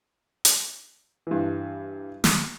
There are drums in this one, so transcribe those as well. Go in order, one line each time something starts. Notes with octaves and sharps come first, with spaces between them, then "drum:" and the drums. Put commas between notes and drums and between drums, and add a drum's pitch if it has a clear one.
drum: hi-hat
G2 E3
drum: snare